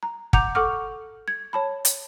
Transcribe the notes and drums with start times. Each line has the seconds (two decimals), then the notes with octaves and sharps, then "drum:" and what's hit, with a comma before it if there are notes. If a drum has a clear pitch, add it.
0.03 A#5
0.33 F#5 A#5 D6 G6 F7, drum: kick
0.55 A4 F#5 C#6 D6 F6
1.28 G#6
1.53 C#5 A5 B5
1.85 drum: hi-hat